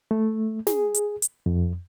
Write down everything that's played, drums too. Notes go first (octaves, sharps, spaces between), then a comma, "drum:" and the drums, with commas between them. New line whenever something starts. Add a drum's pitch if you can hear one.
A3
G#4, drum: snare
drum: hi-hat
drum: hi-hat
F2